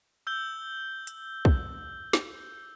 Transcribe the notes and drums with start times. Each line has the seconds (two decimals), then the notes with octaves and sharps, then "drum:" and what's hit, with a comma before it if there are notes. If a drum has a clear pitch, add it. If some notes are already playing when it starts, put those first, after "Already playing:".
0.27 E6 G6 G7
1.07 drum: hi-hat
1.45 drum: kick
2.13 drum: snare